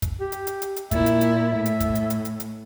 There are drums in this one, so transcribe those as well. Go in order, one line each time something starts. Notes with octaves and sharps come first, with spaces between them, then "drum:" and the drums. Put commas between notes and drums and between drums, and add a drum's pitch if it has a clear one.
drum: kick, hi-hat
G4
drum: hi-hat
drum: hi-hat
drum: hi-hat
drum: hi-hat
A#2 E4 E5, drum: kick, hi-hat
drum: hi-hat
drum: hi-hat
A2
drum: hi-hat
drum: kick, hi-hat
drum: hi-hat
drum: hi-hat
drum: hi-hat
drum: hi-hat